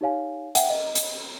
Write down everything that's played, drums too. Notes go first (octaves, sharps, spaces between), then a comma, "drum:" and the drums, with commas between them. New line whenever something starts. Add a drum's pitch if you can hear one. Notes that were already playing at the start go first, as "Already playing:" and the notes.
D#4 G4 C#5 F5 G#5
E5 F#5 G5, drum: hi-hat
D#5
drum: hi-hat